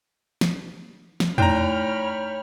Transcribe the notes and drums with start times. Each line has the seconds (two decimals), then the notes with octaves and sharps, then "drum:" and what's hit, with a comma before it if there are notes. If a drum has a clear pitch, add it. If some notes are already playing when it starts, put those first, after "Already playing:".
0.41 drum: snare
1.20 drum: snare
1.38 A3 D#4 E4 C#5 G5 A#5 B5 F6, drum: tom E2